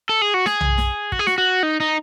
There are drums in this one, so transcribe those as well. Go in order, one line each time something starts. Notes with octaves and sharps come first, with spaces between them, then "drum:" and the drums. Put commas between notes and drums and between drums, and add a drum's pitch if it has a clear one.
A4
G#4
F#4
G#4, drum: snare
drum: tom B1
drum: snare
F#4, drum: kick
G#4
F#4, drum: snare
F#4
D#4
D#4